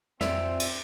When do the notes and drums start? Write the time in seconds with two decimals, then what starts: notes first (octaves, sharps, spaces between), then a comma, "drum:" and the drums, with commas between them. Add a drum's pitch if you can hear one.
0.21 F2 C4 F4 C#5 D5 E5, drum: snare
0.60 drum: cymbal